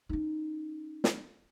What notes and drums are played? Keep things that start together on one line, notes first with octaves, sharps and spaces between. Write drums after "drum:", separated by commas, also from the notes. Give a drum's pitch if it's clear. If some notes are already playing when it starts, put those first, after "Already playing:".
C#4 D#4
drum: snare